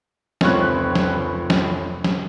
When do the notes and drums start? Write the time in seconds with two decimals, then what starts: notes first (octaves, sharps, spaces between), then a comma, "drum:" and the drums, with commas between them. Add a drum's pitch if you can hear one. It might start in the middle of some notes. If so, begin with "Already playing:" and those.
0.41 F1 C#2 C4 C#5 C#6 F#6, drum: snare
0.95 drum: snare
1.50 drum: snare
2.04 drum: snare